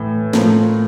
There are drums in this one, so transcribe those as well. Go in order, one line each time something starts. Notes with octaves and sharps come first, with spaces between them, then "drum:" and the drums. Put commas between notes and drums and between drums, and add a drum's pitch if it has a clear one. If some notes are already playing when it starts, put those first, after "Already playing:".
Already playing: A2 E3 A4
A2 F3 A#4, drum: snare